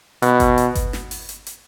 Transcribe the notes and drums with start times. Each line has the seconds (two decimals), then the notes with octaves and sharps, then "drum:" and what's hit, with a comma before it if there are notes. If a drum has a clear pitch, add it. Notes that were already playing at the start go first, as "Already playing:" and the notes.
0.22 B2, drum: hi-hat
0.40 drum: kick G1, hi-hat
0.58 drum: hi-hat
0.75 drum: kick G1, hi-hat
0.93 drum: snare
1.11 drum: open hi-hat
1.29 drum: hi-hat
1.47 drum: hi-hat